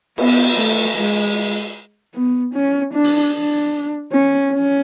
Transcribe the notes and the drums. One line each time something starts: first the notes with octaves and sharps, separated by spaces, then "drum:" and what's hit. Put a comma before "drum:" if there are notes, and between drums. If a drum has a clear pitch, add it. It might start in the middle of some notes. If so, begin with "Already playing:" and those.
B3, drum: cymbal
A3
G#3
B3
C#4
D4
drum: open hi-hat
D4
C#4
C#4